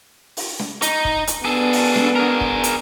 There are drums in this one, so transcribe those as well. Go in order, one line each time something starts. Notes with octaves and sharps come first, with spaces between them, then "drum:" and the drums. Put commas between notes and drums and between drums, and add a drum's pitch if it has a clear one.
drum: open hi-hat
drum: snare
D#4, drum: hi-hat
drum: kick
drum: hi-hat
B3 D4 G#4 A4
drum: open hi-hat
drum: snare
G#4 A#4
drum: kick
drum: hi-hat